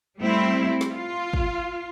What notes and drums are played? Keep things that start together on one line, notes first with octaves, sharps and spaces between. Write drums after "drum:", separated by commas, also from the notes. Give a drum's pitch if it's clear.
G3 A3 C4 E4
drum: snare
F4
drum: kick